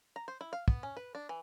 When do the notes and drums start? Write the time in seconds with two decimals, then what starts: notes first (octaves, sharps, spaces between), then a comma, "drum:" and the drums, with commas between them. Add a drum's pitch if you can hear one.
0.16 A#5
0.28 C5
0.41 E4
0.53 F5
0.68 B3, drum: kick
0.83 C#4
0.97 B4
1.15 D4
1.29 E3